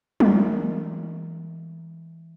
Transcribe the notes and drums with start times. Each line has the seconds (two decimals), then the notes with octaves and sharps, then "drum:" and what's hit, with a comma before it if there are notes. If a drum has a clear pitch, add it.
0.20 E3 G#3 A#4, drum: tom F#3